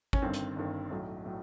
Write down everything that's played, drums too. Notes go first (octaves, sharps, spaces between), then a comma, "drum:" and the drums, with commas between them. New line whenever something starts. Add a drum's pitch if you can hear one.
C#4, drum: kick
G1 G2 D#3 C4
drum: hi-hat
G1 G2 D#3
B1 A2 F#3
A2 F#3